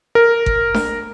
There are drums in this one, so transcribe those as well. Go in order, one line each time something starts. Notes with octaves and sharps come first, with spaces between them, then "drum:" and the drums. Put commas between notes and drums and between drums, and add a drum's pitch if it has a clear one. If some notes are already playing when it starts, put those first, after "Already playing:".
A#4
drum: kick G1
drum: snare D4